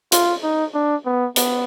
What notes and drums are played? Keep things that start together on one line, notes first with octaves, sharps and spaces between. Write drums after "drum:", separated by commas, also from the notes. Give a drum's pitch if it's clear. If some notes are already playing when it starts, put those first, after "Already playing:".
F4, drum: hi-hat
D#4
D4
B3
B3, drum: hi-hat